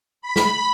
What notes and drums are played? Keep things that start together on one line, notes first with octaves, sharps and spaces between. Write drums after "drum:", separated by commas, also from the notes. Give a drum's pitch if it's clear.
B5
drum: snare